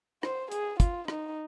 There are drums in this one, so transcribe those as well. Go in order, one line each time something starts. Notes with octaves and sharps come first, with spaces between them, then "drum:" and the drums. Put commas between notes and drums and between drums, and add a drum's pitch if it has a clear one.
C5, drum: rim click
G#4, drum: hi-hat
F4, drum: kick, hi-hat
D#4, drum: rim click